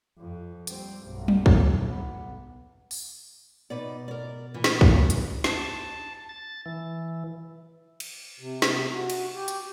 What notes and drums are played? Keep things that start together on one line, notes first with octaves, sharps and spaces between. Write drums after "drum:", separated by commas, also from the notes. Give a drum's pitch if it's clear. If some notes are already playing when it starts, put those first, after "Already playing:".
F2
G3 C4, drum: hi-hat
B1 G2
drum: tom F#3
drum: kick
B1 B3
drum: open hi-hat
B2 D#4 B4 D5
A#4 D5
A#2 E3
drum: snare
B4, drum: kick
drum: hi-hat
A5, drum: snare
A6
E3
drum: cymbal
C3
drum: snare
F#4
drum: cymbal
G4
drum: hi-hat